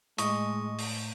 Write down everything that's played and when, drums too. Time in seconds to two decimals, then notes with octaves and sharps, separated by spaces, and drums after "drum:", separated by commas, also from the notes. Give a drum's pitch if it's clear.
0.18 A2 G#3 D#5 C#6, drum: hi-hat
0.79 drum: open hi-hat